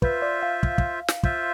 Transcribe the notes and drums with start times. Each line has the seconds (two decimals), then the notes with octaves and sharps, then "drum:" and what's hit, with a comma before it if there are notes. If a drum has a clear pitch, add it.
0.02 F4 B4 C5 E5, drum: kick
0.22 D5
0.43 F5
0.63 drum: kick
0.78 drum: kick
1.08 drum: snare
1.23 F4 C5 E5, drum: kick